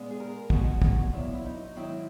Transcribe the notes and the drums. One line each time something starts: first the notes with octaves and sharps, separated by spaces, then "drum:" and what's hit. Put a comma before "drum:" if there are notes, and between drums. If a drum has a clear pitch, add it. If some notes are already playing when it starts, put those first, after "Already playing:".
Already playing: A#2 G#3 B3
G#4
A#4
B2 G#3 B3 F#4, drum: kick
drum: kick
A#2 F#3 B3 E4
E4
D#4
G#2 D#3 F#3 E4